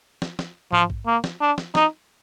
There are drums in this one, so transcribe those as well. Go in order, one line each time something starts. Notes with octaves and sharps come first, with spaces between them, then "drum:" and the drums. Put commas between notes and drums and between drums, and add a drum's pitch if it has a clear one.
drum: snare
drum: snare
F3, drum: tom G#2
drum: kick A1
A#3
drum: snare
D4
drum: snare
D#4, drum: snare